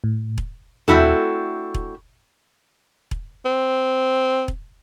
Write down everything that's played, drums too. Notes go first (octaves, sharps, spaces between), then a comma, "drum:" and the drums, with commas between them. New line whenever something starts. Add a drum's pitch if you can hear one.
A2
drum: kick E1
A3 C4 D4 E4 F#4 A4, drum: tom
drum: kick E1
drum: kick E1
C4
drum: kick E1